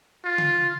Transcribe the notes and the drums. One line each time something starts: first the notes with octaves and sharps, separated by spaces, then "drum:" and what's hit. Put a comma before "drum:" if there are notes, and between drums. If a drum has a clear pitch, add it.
F4
drum: tom C#3